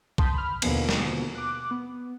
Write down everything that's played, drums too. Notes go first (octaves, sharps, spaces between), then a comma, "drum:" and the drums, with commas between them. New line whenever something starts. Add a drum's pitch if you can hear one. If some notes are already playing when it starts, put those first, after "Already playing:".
A5 C6 D#6 G6 B6, drum: kick B1
B5 F6
D#2 B2 D3 F3 A#3 B3, drum: cymbal
drum: snare
D6 F#6
B3